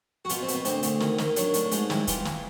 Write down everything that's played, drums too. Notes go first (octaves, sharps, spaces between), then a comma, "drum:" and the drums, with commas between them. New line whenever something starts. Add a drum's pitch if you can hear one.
F#4
B2 F4, drum: hi-hat
C4
B2, drum: hi-hat
B3
D2 C4, drum: hi-hat
D2, drum: hi-hat
D#3, drum: snare
D#3, drum: snare
F#3 D4, drum: hi-hat
A2 D4, drum: hi-hat
G#2 D#4, drum: hi-hat
G3 E4, drum: snare
E3 F4, drum: kick, hi-hat
drum: snare